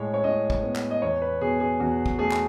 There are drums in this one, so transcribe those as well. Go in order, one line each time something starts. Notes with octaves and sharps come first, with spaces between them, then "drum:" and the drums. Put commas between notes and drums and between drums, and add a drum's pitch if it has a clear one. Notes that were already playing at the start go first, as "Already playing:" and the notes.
Already playing: A2 G#3 C#5
C#5
A2 D#5
drum: kick
B3
drum: clap
D#5
E2 C#5
B4
B2 G#4
G#4
E2 F#4
drum: kick
A3 G#4
drum: clap